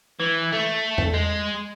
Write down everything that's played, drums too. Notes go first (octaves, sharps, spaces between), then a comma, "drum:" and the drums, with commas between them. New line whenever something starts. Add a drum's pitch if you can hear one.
E3
A3
drum: tom E2
G#3